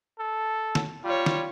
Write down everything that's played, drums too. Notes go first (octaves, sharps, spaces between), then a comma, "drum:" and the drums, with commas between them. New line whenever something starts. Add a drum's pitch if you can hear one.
A4
drum: snare
G3 F4 C#5
drum: snare